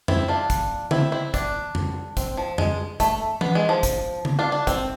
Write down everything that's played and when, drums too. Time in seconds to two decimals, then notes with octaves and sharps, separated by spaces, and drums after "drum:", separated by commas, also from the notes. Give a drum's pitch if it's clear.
0.08 C4 E4, drum: tom F2
0.28 D4 F4
0.50 drum: kick, hi-hat
0.91 C4 E4, drum: tom C#3
1.12 C4 E4
1.34 D4, drum: kick, hi-hat
1.75 drum: tom F2
2.17 C4, drum: kick, hi-hat
2.37 F3
2.58 G#3, drum: tom F2
3.00 A3, drum: kick, hi-hat
3.41 B3, drum: tom E3
3.55 G#3
3.69 F3
3.83 drum: kick, hi-hat
4.25 drum: tom C#3
4.39 D4 F4
4.52 D4
4.67 C4, drum: kick, hi-hat